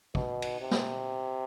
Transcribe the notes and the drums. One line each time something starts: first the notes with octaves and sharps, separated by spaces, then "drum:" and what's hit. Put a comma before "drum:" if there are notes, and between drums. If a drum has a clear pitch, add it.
B2, drum: kick
drum: cymbal
C3
drum: snare